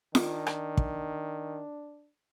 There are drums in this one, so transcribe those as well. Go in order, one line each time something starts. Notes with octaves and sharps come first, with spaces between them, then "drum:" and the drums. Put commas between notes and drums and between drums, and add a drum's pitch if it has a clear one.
D#3 D4, drum: snare
drum: rim click
drum: kick